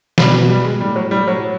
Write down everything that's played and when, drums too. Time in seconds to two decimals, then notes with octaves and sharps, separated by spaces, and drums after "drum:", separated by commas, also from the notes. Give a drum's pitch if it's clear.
0.18 B2 G3, drum: snare
0.49 G3
0.64 G#3
0.80 A2 G3
0.96 F#3
1.11 A2 G3
1.27 F#3